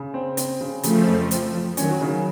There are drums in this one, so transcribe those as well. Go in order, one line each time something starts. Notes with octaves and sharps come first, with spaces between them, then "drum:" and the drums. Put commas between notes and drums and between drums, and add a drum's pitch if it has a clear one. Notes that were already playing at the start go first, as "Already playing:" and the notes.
Already playing: C#3
C4
C4, drum: hi-hat
C#3
C#3 F3 A3, drum: hi-hat
F2
C4, drum: hi-hat
F3
D#3 F#3 C#4, drum: hi-hat
C#3